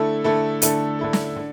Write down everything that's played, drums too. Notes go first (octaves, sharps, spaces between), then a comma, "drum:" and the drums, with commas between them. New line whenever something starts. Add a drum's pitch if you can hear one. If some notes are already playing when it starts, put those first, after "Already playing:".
Already playing: D3 A3 E4 A4
D3 A3 E4 A4
D3 A3 E4 A4, drum: hi-hat
D3 A3 E4 A4
drum: snare
D3